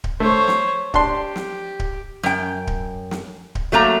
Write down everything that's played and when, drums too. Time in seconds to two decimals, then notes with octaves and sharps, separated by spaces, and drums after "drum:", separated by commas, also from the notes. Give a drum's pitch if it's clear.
0.04 drum: kick D1
0.20 A3 C5 C#5
0.48 drum: snare
0.94 D4 G4 A5 C6, drum: kick D1
1.36 drum: snare
1.80 drum: kick D1
2.23 F#2 G5, drum: snare
2.67 drum: kick D1
3.11 drum: snare
3.55 drum: kick D1
3.72 F#3 A3 A#3 A#5